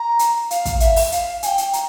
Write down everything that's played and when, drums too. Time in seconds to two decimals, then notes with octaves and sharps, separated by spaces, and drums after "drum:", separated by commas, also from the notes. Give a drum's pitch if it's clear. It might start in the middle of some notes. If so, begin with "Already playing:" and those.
Already playing: A#5
0.19 drum: hi-hat
0.51 F5, drum: hi-hat
0.65 drum: kick, hi-hat
0.80 E5, drum: hi-hat
0.96 drum: open hi-hat
1.12 F5, drum: hi-hat
1.43 G#5, drum: hi-hat
1.46 G5
1.58 drum: hi-hat
1.73 A#5, drum: hi-hat